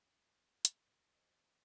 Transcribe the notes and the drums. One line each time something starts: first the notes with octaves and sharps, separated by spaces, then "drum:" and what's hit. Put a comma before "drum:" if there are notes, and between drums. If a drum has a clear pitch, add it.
C#2 G#3 E4
E2 G#3 A4 G6 C7 F#7
drum: hi-hat
D#2 G#2 F3
E2 C5 D5 D#5